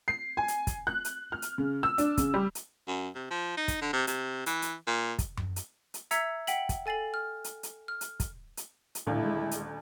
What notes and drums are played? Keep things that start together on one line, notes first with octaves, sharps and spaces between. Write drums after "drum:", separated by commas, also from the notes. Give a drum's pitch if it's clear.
C7
G#5
drum: hi-hat
drum: kick, hi-hat
F#6
drum: hi-hat
F6
drum: hi-hat
C#3
E6
D4, drum: hi-hat
C#3, drum: kick, hi-hat
G3
drum: hi-hat
F#2
C3
F3
D#4
drum: kick, hi-hat
D3
C3
C3, drum: hi-hat
E3, drum: hi-hat
drum: hi-hat
A#2
drum: kick, hi-hat
drum: tom F#2
drum: hi-hat
drum: hi-hat
E5 A#5 E6 G#6 B6 C#7, drum: hi-hat
F#5 G5 B6 F#7, drum: hi-hat
drum: kick, hi-hat
A4 G#5 A6 C7 F#7
F6
drum: hi-hat
drum: hi-hat
F6
drum: hi-hat
drum: kick, hi-hat
drum: hi-hat
drum: hi-hat
D#1 D2 A2 E4 F5
G#3
drum: hi-hat